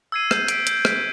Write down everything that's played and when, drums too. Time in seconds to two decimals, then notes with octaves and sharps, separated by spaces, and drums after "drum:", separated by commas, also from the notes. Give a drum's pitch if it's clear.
0.12 E6 G#6 C7 D#7
0.31 G6, drum: rim click
0.48 B6 D7, drum: hi-hat
0.67 G6, drum: hi-hat
0.85 B6 D7, drum: rim click